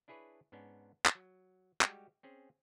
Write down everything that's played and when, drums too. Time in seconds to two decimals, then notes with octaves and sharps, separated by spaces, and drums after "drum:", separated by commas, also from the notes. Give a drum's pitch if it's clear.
0.08 D4 E4 G#4 B4 C#5
0.52 G#2 B3 C#4 D4
1.06 drum: clap
1.15 F#3
1.81 G3 G#3 F#4 G4, drum: clap
2.23 C4 C#4 G#4